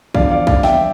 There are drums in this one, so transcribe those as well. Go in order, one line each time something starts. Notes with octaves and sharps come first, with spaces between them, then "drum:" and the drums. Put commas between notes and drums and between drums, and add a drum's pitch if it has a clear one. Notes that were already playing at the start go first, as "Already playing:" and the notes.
E2 D3 F3 D5 F5, drum: kick
D5 F5
D5 F5, drum: kick
E5 G5, drum: snare